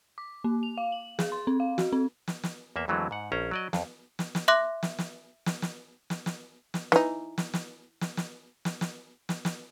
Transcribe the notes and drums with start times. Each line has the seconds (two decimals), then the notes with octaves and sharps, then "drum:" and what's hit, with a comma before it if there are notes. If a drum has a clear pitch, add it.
0.18 D6
0.44 A#3
0.63 F7
0.78 F5
0.92 F#7
1.19 G#4, drum: snare
1.32 C6
1.47 C4
1.60 F5
1.78 F#4, drum: snare
1.92 C4
2.28 drum: snare
2.43 drum: snare
2.76 E2 A#3 E5
2.88 F2 D3 E3 F#3 G#3 A3
3.11 G#2 F#5
3.32 A#1 C#4 A#4 C5 A#5
3.51 F#3 D5 D#5
3.73 F2, drum: snare
4.19 drum: snare
4.35 drum: snare
4.48 E5 C6 D6 F#6 A#6
4.83 drum: snare
4.98 drum: snare
5.46 drum: snare
5.62 drum: snare
6.10 drum: snare
6.26 drum: snare
6.74 drum: snare
6.92 E3 D#4, drum: snare
7.38 drum: snare
7.54 drum: snare
8.01 drum: snare
8.17 drum: snare
8.65 drum: snare
8.81 drum: snare
9.29 drum: snare
9.45 drum: snare